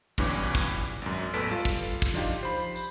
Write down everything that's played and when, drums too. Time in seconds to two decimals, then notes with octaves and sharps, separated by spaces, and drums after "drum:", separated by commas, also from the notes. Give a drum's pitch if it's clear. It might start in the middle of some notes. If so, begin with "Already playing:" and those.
0.18 B1 G2 E3 C#4 D6, drum: kick
0.55 drum: kick, tambourine
1.02 G#1 F#2
1.34 A1 E2 A4 B4 B6 D7
1.51 G3 F4 A4
1.65 drum: kick
2.02 drum: kick, tambourine
2.14 F3 D4 D#4 F4 G4
2.43 C5 B5
2.76 drum: tambourine